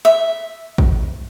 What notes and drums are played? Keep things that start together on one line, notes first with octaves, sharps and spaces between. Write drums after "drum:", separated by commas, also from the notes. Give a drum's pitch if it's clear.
E5
drum: kick